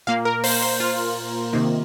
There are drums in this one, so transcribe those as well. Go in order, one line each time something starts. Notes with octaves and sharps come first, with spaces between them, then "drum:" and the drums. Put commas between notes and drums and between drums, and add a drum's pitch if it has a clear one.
A#2 A#3 F5
A#4
C5, drum: open hi-hat
C5
F4
C3 D#3 A#3